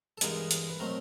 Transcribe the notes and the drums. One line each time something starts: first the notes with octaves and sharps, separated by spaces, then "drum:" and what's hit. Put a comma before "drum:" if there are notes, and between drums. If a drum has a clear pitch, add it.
A4
G2 E3 G#3 B3 D#4 A#4, drum: hi-hat
drum: hi-hat
B4
B2 F#3 A3 C4 A#4